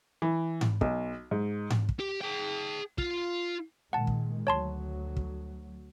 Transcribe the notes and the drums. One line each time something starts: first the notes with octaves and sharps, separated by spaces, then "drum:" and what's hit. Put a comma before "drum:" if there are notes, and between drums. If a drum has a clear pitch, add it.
E3
drum: tom G#2
B1, drum: kick
G#2
drum: tom G#2
drum: kick
G4
G#4 G5
F4, drum: kick
A#2 D#3 G#3 F#5 A5
drum: kick
D2 F#3 C#5 A5 C6
drum: kick